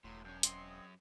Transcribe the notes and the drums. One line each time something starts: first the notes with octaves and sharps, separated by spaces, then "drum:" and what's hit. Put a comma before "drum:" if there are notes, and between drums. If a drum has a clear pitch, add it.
E1 A2 F#3 C6
F#2 C#4 D4 F5 G5
C4 D#5 C6, drum: hi-hat
G#4